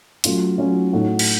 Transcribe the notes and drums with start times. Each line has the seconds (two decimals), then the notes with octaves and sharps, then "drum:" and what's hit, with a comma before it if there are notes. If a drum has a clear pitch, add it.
0.24 F#3 A3 C#4 F4, drum: hi-hat
0.58 F#3 A3 C#4 F4
0.93 A2 A3 D#4 F#4
1.19 drum: cymbal